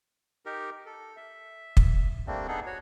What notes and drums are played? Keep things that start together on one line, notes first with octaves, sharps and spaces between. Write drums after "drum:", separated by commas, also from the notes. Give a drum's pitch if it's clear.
D#4 G4 A#4
A4
E5
drum: kick
G3 A3 A#3 C4 D4
B3 D4 D#4 G#4 A4
F#4 C#5